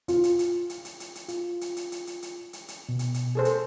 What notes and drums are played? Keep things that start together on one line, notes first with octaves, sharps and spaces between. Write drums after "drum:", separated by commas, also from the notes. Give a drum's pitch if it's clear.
F4, drum: hi-hat
drum: hi-hat
drum: hi-hat
drum: hi-hat
drum: hi-hat
drum: hi-hat
drum: hi-hat
F4, drum: hi-hat
drum: hi-hat
drum: hi-hat
drum: hi-hat
drum: hi-hat
drum: hi-hat
drum: hi-hat
drum: hi-hat
B2
drum: hi-hat
drum: hi-hat
G#4 A4 C5
drum: hi-hat